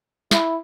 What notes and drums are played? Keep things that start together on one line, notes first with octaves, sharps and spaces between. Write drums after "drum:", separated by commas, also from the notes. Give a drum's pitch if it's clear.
E4, drum: snare